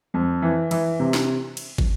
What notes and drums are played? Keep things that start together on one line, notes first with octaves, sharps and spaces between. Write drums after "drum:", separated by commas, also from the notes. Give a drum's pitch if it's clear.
F2
E3
E3, drum: cymbal
C3
drum: snare
drum: cymbal
drum: kick